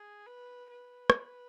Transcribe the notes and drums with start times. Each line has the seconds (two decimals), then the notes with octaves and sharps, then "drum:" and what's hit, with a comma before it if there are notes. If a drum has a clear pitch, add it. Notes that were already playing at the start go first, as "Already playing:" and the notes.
Already playing: G#4
0.27 B4
0.70 B4
1.10 drum: rim click